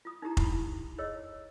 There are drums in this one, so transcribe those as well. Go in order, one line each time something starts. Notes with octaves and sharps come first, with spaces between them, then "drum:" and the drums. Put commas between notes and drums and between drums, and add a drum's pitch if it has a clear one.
F4 D#6
D#4 E4 G4 A#5
E4 B5, drum: kick
G#4 C#5 D#5 E6